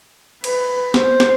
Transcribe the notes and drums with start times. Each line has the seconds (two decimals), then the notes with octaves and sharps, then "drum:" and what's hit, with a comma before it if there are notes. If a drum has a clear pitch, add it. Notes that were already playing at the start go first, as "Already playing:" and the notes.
0.44 B4, drum: cymbal
0.94 C5, drum: snare
1.20 drum: snare